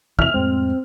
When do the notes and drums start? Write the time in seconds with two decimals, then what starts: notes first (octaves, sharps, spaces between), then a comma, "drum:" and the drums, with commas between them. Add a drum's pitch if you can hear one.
0.19 F2 C3 E3 E5 F6 F7, drum: kick
0.34 F2 A2 G#3 C4